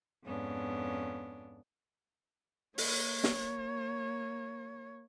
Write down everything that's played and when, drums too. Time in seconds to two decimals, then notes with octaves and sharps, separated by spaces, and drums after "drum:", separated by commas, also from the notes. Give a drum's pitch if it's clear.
0.23 F2 G#2 B3 C#4 D4
2.78 A#3 C#5, drum: open hi-hat
3.24 drum: snare